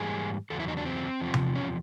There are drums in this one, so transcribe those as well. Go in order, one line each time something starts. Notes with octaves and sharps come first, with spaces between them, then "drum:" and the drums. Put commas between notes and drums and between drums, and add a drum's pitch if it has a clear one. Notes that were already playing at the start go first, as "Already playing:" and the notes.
Already playing: G#2 E3 G3 A#3 G#4
E2 C#3 F#3 A4
E4
D#4
D4
C4
E2 C3 F3
drum: tom C3
C#4